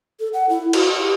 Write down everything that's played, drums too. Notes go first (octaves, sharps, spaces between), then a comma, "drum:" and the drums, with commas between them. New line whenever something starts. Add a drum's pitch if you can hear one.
A4
F#5
E4
F#4, drum: cymbal
G4